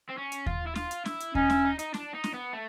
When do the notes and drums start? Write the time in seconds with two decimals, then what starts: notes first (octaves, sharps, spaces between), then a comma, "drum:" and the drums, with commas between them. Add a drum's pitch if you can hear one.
0.09 C4
0.18 C#4
0.32 drum: hi-hat
0.46 F4, drum: kick D#2
0.67 E4
0.75 F4, drum: snare
0.91 drum: hi-hat
1.06 E4, drum: snare
1.20 drum: hi-hat
1.35 C#4 D#4, drum: kick D#2
1.50 E4, drum: snare
1.65 D#4
1.79 D#4, drum: hi-hat
1.94 D4, drum: snare
2.14 D#4
2.24 drum: snare
2.34 B3
2.53 A3